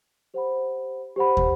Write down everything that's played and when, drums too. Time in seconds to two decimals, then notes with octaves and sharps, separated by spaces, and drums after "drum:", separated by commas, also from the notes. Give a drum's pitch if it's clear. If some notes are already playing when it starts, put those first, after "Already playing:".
0.34 G4 C5 F#5 B5
1.16 G4 C5 F#5 B5
1.37 drum: kick